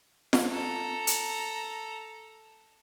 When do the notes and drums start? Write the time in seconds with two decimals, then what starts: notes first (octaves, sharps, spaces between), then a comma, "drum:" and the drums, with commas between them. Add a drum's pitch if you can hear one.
0.33 drum: snare F4
0.50 A4 A#5
1.07 drum: hi-hat